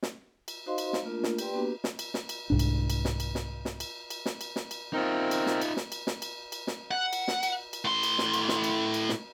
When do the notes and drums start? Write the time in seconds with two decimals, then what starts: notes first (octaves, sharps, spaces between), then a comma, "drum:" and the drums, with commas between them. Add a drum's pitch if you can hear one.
0.03 drum: snare
0.48 drum: cymbal
0.66 D#4 F#4 C5 D#5 F5 C6
0.78 drum: cymbal
0.93 drum: snare
1.03 A3 A#3 D4 F4 A#4
1.23 drum: snare
1.39 G4 B4 D5 G5 C6, drum: cymbal
1.54 A#3 B3 D4 F#4 G4 B4
1.84 drum: snare
1.99 drum: cymbal
2.14 drum: snare
2.29 drum: cymbal
2.50 C2 G#2 D4
2.59 drum: cymbal
2.90 drum: cymbal
3.05 drum: snare
3.20 drum: cymbal
3.35 drum: snare
3.65 drum: snare
3.80 drum: cymbal
4.10 drum: cymbal
4.26 drum: snare
4.41 drum: cymbal
4.56 drum: snare
4.71 drum: cymbal
4.93 C4 D#4 F4 A#4
5.31 drum: cymbal
5.46 drum: snare
5.62 drum: cymbal
5.77 drum: snare
5.92 drum: cymbal
6.07 drum: snare
6.22 drum: cymbal
6.52 drum: cymbal
6.67 drum: snare
6.91 F#5
7.13 drum: cymbal
7.28 drum: snare
7.43 drum: cymbal
7.73 drum: cymbal
7.85 A2 C6
8.03 drum: cymbal
8.18 drum: snare
8.33 drum: cymbal
8.49 drum: snare
8.64 drum: cymbal
8.94 drum: cymbal
9.09 drum: snare